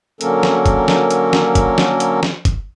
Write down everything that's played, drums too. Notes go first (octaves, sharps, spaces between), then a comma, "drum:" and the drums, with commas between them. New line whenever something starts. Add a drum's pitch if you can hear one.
D3 F#3 A#3 C#4 A4 A#4, drum: hi-hat
drum: snare
drum: kick, hi-hat
drum: snare
drum: hi-hat
drum: snare
drum: kick, hi-hat
drum: snare
drum: hi-hat
drum: snare
drum: kick, hi-hat